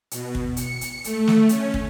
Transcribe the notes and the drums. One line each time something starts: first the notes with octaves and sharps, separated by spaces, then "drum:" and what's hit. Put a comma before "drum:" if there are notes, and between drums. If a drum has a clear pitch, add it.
B2, drum: hi-hat
drum: kick
C#7, drum: hi-hat
drum: hi-hat
A3, drum: hi-hat
drum: snare
C#4, drum: hi-hat
drum: kick